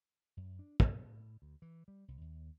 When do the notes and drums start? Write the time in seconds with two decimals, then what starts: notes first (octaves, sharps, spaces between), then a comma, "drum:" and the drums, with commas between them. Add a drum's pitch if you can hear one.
0.37 F#2
0.59 D4
0.80 B1, drum: kick
1.05 A2
1.42 D2
1.62 E3
1.88 G3
2.08 C2
2.21 D#2